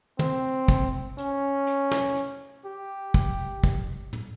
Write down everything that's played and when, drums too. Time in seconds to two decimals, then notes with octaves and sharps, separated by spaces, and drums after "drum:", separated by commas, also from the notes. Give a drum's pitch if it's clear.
0.19 C4, drum: tom
0.68 drum: kick, hi-hat
1.18 C#4, drum: hi-hat
1.67 drum: hi-hat
1.91 drum: snare
2.16 drum: hi-hat
2.65 G4
3.14 drum: kick, hi-hat
3.64 drum: kick, hi-hat
4.13 drum: tom